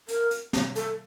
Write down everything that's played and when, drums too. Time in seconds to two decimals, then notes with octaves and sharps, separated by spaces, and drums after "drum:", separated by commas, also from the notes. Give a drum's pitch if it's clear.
0.08 A#4, drum: hi-hat
0.31 drum: hi-hat
0.53 drum: snare
0.76 A4, drum: hi-hat